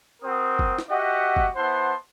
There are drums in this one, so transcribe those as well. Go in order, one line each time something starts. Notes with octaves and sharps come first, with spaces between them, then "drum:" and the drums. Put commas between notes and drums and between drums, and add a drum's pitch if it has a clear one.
C4 F#4 A#4 C5 D#6
drum: kick
drum: snare
F#4 G4 D#5 E5 F#5
drum: kick
B3 E4 C5 F#5 A5 C6